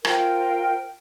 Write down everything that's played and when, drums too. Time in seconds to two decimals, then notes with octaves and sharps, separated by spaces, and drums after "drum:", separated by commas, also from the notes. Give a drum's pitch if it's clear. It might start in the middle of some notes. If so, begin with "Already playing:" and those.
0.05 F4 A#4 C5 G5, drum: rim click